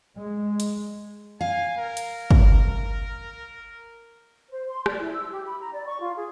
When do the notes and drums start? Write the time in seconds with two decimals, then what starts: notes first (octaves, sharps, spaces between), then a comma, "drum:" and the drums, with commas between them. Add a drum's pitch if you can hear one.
0.16 G#3
0.60 drum: hi-hat
1.41 F5 G#5
1.78 A#4
1.97 drum: hi-hat
2.31 drum: kick
4.50 C5
4.67 C6
4.86 D5, drum: rim click
5.00 E4
5.12 E6
5.31 G4
5.46 B5
5.60 A#5
5.72 D5
5.87 C#6
6.01 F4
6.17 G#4